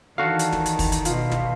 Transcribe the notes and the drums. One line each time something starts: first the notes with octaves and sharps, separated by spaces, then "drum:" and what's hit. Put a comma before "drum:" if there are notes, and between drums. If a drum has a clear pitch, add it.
D#3 E3 D4 F#4 A4 F5 C#6
drum: hi-hat
drum: snare
drum: hi-hat
drum: kick, open hi-hat
drum: hi-hat
B2 F4, drum: hi-hat
drum: snare